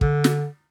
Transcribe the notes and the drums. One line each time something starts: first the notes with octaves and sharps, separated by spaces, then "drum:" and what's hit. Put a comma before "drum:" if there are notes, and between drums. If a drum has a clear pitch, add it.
D3, drum: kick
drum: snare